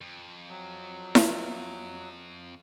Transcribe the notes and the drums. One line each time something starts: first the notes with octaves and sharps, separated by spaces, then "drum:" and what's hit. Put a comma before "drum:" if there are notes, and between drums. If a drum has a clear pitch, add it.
F2
F#3
F4 E5, drum: snare E4